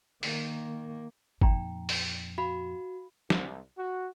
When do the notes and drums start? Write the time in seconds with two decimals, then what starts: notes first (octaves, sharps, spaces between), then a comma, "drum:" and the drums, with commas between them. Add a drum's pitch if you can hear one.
0.23 D#3 A#3, drum: open hi-hat
1.41 F2 A#2 D#4 G5 A#5, drum: kick
1.89 drum: open hi-hat
2.38 F#4 F5 B5
3.30 C2, drum: snare
3.78 F#4